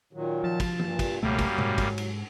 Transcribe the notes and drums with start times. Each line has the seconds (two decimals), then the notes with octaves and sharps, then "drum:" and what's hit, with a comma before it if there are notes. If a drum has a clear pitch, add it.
0.13 A#2 D#3 F#3
0.44 F3 A5
0.60 drum: kick, cymbal
0.79 G2 A#2, drum: tom
0.99 drum: kick, cymbal
1.23 C#2 F#2 B2 F#3 G3 A3 A#3
1.39 drum: kick, cymbal
1.58 G#2, drum: tom B2
1.78 drum: kick, cymbal
1.98 drum: cymbal